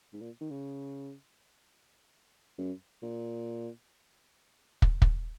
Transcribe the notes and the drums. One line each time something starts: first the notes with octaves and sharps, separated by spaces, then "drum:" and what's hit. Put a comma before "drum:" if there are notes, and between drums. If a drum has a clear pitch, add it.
G#2
A#2
D#3
C#3
F#2
A#2
drum: kick
drum: kick